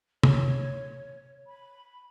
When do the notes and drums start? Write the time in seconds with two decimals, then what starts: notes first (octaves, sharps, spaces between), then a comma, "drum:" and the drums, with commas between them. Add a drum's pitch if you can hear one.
0.23 C#5, drum: tom
1.46 B5